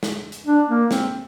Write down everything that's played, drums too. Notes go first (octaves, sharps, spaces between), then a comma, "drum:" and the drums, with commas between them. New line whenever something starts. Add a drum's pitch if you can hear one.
drum: snare
drum: hi-hat
D4
A#3
C4, drum: snare